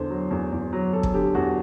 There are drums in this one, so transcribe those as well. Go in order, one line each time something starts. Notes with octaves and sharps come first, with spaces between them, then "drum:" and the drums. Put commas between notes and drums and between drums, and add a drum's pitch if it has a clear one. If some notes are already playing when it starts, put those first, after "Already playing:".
Already playing: E2 D3 C5
F#3
E2
E2
F#3
F#3 A4
drum: kick
D3 G4
E2 F#4